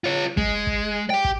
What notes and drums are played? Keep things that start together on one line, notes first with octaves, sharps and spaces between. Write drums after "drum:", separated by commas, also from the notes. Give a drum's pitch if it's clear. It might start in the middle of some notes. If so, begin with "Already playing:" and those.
F4 C#5
G#3, drum: kick
drum: kick
G4 G5
drum: kick